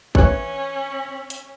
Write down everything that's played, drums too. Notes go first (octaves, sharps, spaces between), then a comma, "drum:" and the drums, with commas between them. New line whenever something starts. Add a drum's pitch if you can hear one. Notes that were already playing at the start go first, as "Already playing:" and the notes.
E3 C#4 C#5 F#6, drum: kick G#1
drum: hi-hat